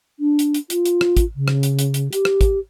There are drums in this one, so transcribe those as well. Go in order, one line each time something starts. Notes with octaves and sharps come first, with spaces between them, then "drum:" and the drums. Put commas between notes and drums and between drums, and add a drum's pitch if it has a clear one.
D4
drum: hi-hat
drum: hi-hat
F4, drum: hi-hat
drum: hi-hat
drum: rim click
drum: kick, hi-hat
C#3
drum: rim click
drum: hi-hat
drum: hi-hat
drum: hi-hat
G4, drum: hi-hat
drum: rim click
drum: kick, hi-hat